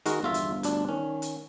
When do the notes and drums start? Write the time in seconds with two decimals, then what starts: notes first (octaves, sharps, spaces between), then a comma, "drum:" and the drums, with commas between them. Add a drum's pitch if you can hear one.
0.06 D#3 G#3 F#4 A#4, drum: hi-hat
0.23 G1 E2 F4 E5
0.34 drum: hi-hat
0.63 D2 D4, drum: hi-hat
0.89 D#3 C#4
1.22 drum: hi-hat